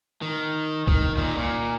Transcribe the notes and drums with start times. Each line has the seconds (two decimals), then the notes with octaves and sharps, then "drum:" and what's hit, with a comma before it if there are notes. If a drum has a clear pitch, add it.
0.22 D#3
0.87 D#3, drum: kick
1.17 A#2 D#3
1.36 A#2